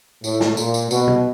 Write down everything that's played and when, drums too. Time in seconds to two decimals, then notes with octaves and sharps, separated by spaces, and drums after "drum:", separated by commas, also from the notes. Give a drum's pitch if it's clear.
0.24 A2, drum: tambourine
0.40 drum: snare
0.57 A#2, drum: tambourine
0.74 drum: tambourine
0.91 B2, drum: tambourine
1.08 drum: tom C3